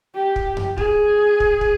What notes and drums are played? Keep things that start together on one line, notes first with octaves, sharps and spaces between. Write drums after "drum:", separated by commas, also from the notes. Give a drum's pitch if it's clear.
G4
drum: kick
drum: tom F2
G#4, drum: kick
drum: kick
drum: kick